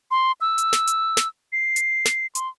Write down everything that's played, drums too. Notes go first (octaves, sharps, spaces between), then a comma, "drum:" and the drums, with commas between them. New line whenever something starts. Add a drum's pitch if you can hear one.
C6
E6
drum: hi-hat
drum: snare
drum: hi-hat
drum: snare
C7
drum: hi-hat
drum: snare
C6, drum: hi-hat